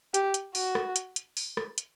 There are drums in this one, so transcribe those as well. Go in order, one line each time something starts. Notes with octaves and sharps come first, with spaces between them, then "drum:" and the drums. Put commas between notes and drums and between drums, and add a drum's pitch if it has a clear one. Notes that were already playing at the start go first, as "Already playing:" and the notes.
G4, drum: hi-hat
drum: hi-hat
F#4, drum: open hi-hat
drum: rim click
drum: hi-hat
drum: hi-hat
drum: open hi-hat
drum: rim click
drum: hi-hat